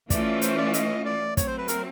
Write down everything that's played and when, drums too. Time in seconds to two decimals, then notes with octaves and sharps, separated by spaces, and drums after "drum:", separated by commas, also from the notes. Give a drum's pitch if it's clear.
0.10 E3 A3 C#4 F4 D5, drum: kick, hi-hat
0.42 C5, drum: hi-hat
0.58 D5
0.74 D#5, drum: hi-hat
1.06 D5
1.37 F#3 A3 C4 C#5, drum: kick, hi-hat
1.47 C5
1.58 B4
1.68 A#4, drum: hi-hat